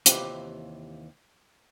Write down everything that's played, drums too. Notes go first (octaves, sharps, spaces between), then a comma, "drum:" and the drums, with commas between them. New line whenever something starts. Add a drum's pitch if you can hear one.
D#2 C3 E3 F4 G4 B4, drum: hi-hat